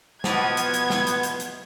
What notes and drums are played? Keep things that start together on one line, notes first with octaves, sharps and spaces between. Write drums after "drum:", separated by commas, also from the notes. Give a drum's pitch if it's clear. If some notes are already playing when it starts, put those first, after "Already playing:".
B2 F3 B3 G#6, drum: snare
drum: hi-hat
drum: hi-hat
drum: snare
drum: hi-hat
drum: hi-hat
drum: hi-hat